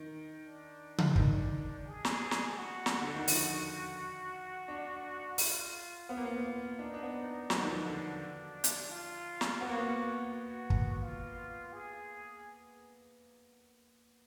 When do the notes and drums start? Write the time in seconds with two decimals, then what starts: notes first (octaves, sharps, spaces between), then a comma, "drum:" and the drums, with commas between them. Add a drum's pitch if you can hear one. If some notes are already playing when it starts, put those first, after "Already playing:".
Already playing: D#3
0.46 D4
0.98 drum: tom C#3
1.16 D#3, drum: kick
1.86 G#4
2.05 drum: snare
2.31 drum: snare
2.57 F#4
2.86 drum: snare
3.01 D3
3.14 D#3
3.28 F3, drum: open hi-hat
4.68 D4
5.38 F4, drum: open hi-hat
6.09 B3 F4
6.17 A#3
6.26 B3
6.79 D4 D#4
6.94 D4
7.03 B3
7.50 F#3 D4, drum: snare
7.60 D#3
7.67 F3
7.85 D3
8.64 drum: hi-hat
8.90 F4
9.41 drum: snare
9.61 B3 F#4
9.69 A#3
9.77 B3
10.31 F#4
10.70 drum: kick
11.02 F4
11.72 G#4